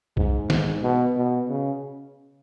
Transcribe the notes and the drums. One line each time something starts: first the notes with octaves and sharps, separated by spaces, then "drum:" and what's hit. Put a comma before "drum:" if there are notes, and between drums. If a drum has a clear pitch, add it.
G#2, drum: kick B1
G#2, drum: snare
B2
B2
C#3